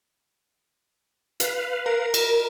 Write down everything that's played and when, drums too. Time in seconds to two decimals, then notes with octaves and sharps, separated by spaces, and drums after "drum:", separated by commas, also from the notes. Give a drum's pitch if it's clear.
1.40 B4 F5, drum: hi-hat
1.86 A#4
2.14 drum: cymbal